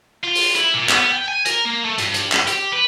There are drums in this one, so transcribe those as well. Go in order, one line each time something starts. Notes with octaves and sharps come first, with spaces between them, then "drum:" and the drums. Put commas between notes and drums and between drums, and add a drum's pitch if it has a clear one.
F4
drum: open hi-hat
E4, drum: hi-hat
A#2
B3, drum: clap
G5
G#5
A#4, drum: hi-hat
A#3
A3
G2, drum: hi-hat
drum: hi-hat
drum: clap
G4, drum: hi-hat
B4